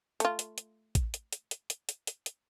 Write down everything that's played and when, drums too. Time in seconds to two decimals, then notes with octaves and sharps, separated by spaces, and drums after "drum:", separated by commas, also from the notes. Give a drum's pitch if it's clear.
0.20 A3 F4, drum: hi-hat
0.39 drum: hi-hat
0.58 drum: hi-hat
0.95 drum: kick A1, hi-hat
1.14 drum: hi-hat
1.33 drum: hi-hat
1.51 drum: hi-hat
1.70 drum: hi-hat
1.89 drum: hi-hat
2.07 drum: hi-hat
2.26 drum: hi-hat